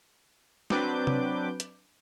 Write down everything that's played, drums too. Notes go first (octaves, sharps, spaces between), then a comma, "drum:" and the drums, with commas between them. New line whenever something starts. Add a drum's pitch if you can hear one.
F#3 C4 D4 B4 D6 G6, drum: snare
drum: tom C3
drum: hi-hat